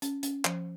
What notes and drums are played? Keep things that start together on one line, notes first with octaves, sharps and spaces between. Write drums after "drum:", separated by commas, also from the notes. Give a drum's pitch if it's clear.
C#4, drum: hi-hat
C#4, drum: hi-hat
F3, drum: clap